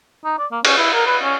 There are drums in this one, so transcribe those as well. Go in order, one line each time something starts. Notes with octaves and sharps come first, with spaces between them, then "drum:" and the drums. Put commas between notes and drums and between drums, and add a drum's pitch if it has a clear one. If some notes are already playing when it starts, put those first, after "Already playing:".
D#4
D5
A#3
C#4, drum: cymbal
E4
A#4
B4
C#4